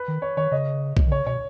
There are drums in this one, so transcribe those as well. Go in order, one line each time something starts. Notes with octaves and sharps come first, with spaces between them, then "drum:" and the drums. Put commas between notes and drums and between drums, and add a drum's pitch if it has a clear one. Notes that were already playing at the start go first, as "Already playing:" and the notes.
Already playing: B4
D#3
C#5
D#3 C#5
C#3 D#5
drum: kick
D#3
C#3 C#5
B2 C#5